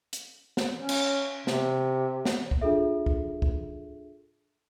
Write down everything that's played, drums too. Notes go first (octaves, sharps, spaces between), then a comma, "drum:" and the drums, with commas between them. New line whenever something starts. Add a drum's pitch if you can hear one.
drum: hi-hat
drum: snare
C#4
drum: cymbal
C3, drum: snare
drum: snare
drum: kick
D4 F4 G#4 A4 E5
drum: kick
drum: kick